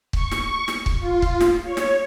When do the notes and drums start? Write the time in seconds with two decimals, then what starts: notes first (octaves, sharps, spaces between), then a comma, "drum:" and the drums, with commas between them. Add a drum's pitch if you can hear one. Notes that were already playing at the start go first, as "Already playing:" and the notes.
0.13 C#6, drum: kick
0.31 drum: snare
0.68 drum: snare
0.86 drum: kick
0.99 F4
1.22 drum: kick
1.40 drum: snare
1.64 C#5
1.77 drum: snare